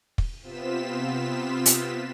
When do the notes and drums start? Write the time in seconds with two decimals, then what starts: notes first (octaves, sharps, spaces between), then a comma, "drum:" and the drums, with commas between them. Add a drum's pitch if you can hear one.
0.18 drum: kick
0.43 C3 B3 C4 F4 B6 E7
1.66 drum: hi-hat